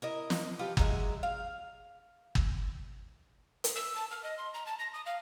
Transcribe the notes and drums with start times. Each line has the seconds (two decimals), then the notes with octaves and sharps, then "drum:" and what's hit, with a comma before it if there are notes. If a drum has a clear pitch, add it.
0.02 E4 A#4 D#5
0.30 drum: snare
0.59 F4 G4 A4 B4
0.77 F#3 G#3 E5, drum: kick
1.23 F5
2.35 drum: kick
3.64 drum: hi-hat
3.76 E6
3.96 A5
4.11 F6
4.24 D#5
4.38 C6
4.54 A#5
4.66 A5
4.79 A#6
4.94 D#6
5.06 F5